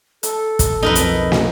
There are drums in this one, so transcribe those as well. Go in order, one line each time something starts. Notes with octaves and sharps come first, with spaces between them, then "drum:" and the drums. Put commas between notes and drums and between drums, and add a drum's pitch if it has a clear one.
A4, drum: hi-hat
drum: kick, hi-hat
B1 F2 D#4 A#4 B4
drum: hi-hat
drum: snare